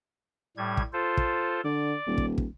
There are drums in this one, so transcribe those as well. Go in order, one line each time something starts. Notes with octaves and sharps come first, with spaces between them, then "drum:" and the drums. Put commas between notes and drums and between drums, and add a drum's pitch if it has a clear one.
A2 G3 G#6
drum: kick
F4 A4 C5
drum: kick
D3 D5
D#1
drum: kick
drum: kick